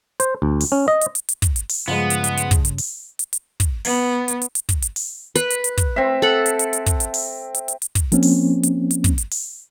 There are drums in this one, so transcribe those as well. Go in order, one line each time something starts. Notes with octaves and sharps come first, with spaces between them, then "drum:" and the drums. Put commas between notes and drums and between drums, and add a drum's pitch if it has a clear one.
C5, drum: hi-hat
D2
drum: open hi-hat
C#4
D#5
drum: hi-hat
drum: hi-hat
drum: hi-hat
drum: kick, hi-hat
drum: hi-hat
drum: open hi-hat
G2 C#3 F3 G#3 B3
drum: hi-hat
drum: hi-hat
drum: hi-hat
drum: kick, hi-hat
drum: hi-hat
drum: open hi-hat
drum: hi-hat
drum: hi-hat
drum: kick, hi-hat
B3, drum: open hi-hat
drum: hi-hat
drum: hi-hat
drum: hi-hat
drum: kick, hi-hat
drum: hi-hat
drum: open hi-hat
B4, drum: hi-hat
drum: hi-hat
drum: hi-hat
drum: kick, hi-hat
C4 E5
A4 F#5
drum: hi-hat
drum: hi-hat
drum: hi-hat
drum: kick, hi-hat
drum: hi-hat
drum: open hi-hat
drum: hi-hat
drum: hi-hat
drum: hi-hat
drum: kick, hi-hat
F3 A#3 C4 C#4, drum: hi-hat
drum: open hi-hat
drum: hi-hat
drum: hi-hat
drum: kick, hi-hat
drum: hi-hat
drum: open hi-hat